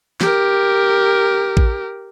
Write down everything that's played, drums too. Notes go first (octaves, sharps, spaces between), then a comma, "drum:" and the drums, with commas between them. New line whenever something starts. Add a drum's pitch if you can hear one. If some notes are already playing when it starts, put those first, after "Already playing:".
G4 A#4, drum: snare
drum: kick A1